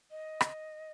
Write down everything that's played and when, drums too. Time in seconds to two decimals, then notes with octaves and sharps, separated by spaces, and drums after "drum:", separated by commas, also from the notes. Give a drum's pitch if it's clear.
0.11 D#5
0.41 drum: rim click